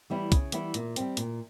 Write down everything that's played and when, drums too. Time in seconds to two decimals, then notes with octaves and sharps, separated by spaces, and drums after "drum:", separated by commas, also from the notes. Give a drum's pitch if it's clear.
0.10 E3 G3 B3 E4
0.32 C#3, drum: kick, hi-hat
0.52 E3 G3 B3 E4, drum: hi-hat
0.74 A#2, drum: hi-hat
0.96 G3 C4, drum: hi-hat
1.17 A#2, drum: hi-hat